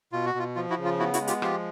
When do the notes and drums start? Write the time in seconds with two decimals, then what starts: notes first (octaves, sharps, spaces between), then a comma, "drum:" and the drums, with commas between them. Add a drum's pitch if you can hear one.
0.12 B2 F4
0.26 F#4
0.34 B2 F4
0.56 F3 F4
0.70 E4 F#4
0.78 C#3
0.85 F4
0.99 B3 E4 F#4
1.14 E4 F#4, drum: hi-hat
1.21 G#3
1.27 F4 G4, drum: hi-hat
1.42 F3 F4 G4, drum: rim click